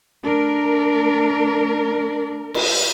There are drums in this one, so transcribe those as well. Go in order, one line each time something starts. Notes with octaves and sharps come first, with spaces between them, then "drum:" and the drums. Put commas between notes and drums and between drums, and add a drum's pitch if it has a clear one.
A3 D4 A#4
drum: cymbal